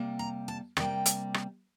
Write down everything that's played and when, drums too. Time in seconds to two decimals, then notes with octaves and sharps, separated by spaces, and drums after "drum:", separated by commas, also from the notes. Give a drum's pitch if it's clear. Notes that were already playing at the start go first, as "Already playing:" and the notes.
Already playing: C3 G3 A#3
0.19 A#5
0.48 A5
0.77 C3 G3 A#3 G5, drum: rim click
1.06 drum: hi-hat
1.34 drum: rim click